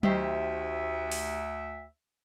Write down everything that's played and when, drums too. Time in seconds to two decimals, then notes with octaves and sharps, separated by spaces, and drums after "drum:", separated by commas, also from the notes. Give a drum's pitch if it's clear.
0.03 D2 D#3 G4 C5 E5, drum: tom F#3
1.12 drum: open hi-hat